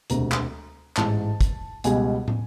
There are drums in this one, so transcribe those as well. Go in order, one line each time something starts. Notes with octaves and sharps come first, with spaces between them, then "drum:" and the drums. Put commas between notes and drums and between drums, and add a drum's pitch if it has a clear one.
E1 D2 C3 A#5, drum: hi-hat
drum: clap
A1 G#2 E3 A5, drum: clap
drum: kick, hi-hat
C#2 B2 G3 G#5, drum: hi-hat
drum: tom